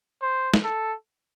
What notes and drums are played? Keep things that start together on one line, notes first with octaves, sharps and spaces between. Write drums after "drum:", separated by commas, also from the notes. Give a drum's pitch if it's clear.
C5
drum: snare
A4